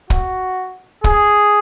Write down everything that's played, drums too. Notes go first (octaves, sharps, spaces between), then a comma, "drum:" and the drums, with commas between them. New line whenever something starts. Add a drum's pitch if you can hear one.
F#4, drum: kick
G#4, drum: kick